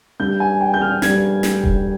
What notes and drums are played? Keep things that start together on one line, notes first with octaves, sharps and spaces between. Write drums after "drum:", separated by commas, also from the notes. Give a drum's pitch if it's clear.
G2 G3 G6
G#5
G5
G6
F6
G2 G3 G#6, drum: snare
drum: snare
drum: kick D#1